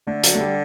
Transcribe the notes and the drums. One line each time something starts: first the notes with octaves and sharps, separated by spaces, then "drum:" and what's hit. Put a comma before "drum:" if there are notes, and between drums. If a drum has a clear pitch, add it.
D3 A3
F#3, drum: hi-hat
A3
G3